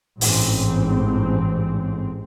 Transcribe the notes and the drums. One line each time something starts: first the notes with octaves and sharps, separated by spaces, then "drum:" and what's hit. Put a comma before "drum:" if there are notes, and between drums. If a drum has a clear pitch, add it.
A1 G#2 C4, drum: open hi-hat